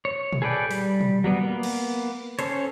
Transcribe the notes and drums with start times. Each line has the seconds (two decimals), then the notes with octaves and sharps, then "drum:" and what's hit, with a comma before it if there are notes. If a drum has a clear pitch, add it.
0.05 C#5
0.33 drum: tom A#2
0.42 G#4 A4 B4 D5 G5
0.71 G3, drum: open hi-hat
1.01 drum: tom A#2
1.24 F#3 G3 B3
1.41 A#3 B3
1.63 drum: cymbal
2.39 C#4 A4 C5 C#5, drum: hi-hat